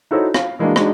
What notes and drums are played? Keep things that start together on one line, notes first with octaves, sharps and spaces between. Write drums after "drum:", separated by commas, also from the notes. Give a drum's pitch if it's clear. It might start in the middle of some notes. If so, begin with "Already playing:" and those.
D#4 E4 F#4 A4 C5 C#5
F5, drum: rim click
E3 G#3 A#3 D4 F#4
G#3 D4 D#4 F#4, drum: rim click